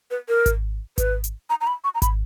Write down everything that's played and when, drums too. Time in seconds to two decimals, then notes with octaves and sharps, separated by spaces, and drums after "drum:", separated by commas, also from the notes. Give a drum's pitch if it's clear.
0.11 B4
0.29 A#4
0.46 drum: kick G#1, hi-hat
0.98 B4, drum: kick G#1, hi-hat
1.24 drum: hi-hat
1.50 A#5
1.61 A#5
1.67 B5
1.84 C#6
1.95 A#5
2.02 B5, drum: kick G#1, hi-hat